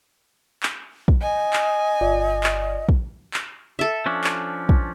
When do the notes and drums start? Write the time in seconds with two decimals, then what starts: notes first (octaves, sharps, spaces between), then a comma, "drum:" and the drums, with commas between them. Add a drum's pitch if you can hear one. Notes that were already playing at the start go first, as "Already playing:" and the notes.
0.63 drum: clap
1.08 drum: kick
1.22 D#5 G#5
1.53 drum: clap
2.01 G1 F4 D5
2.43 drum: clap
2.89 drum: kick
3.34 drum: clap
3.79 A4 E5
4.06 F3 C#4 D4
4.24 drum: clap
4.69 drum: kick